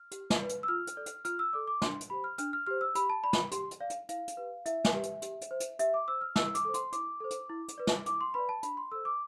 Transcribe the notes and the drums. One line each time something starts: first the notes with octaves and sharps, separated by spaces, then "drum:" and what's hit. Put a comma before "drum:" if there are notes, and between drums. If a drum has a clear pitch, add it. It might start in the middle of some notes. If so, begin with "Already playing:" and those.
Already playing: F6
G4, drum: hi-hat
drum: snare
B4 D5
drum: hi-hat
E6
F4 F6
drum: hi-hat
A4 D5
drum: hi-hat
F4 F6, drum: hi-hat
E6
A4 D5 D6
D6
D4 C6, drum: snare
drum: hi-hat
G4 C5 B5
F6
D4 F6, drum: hi-hat
F6
G4 C5 F6
E6
G4 B5, drum: hi-hat
A5
D5 B5
drum: snare
G4 C6, drum: hi-hat
drum: hi-hat
D5 F5
drum: hi-hat
E4 F5, drum: hi-hat
drum: hi-hat
G4 B4
E4 E5, drum: hi-hat
drum: snare
G4 B4
drum: hi-hat
G4, drum: hi-hat
drum: hi-hat
C5
drum: hi-hat
G4 E5, drum: hi-hat
D6
C5 E6
F6
E4 E6, drum: snare
D6, drum: hi-hat
A4 C5
C6, drum: hi-hat
E4 D6, drum: hi-hat
A4 C5
drum: hi-hat
E4
drum: hi-hat
B4 D5
drum: snare
E4 D6, drum: hi-hat
C6
B4 D5 B5
A5
D4 B5, drum: hi-hat
C6
A4 C5 E6
D6